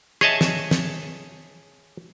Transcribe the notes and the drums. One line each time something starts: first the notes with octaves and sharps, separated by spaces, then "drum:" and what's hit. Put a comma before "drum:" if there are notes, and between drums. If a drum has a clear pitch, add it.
G#4 C#5 D#5 E5 A5, drum: rim click
drum: snare
drum: snare